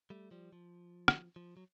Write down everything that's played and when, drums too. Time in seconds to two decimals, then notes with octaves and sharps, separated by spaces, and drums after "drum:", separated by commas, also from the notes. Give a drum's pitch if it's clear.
0.10 G3 A3
0.31 F3 G3
0.53 F3
1.08 drum: rim click
1.36 F3
1.57 F#3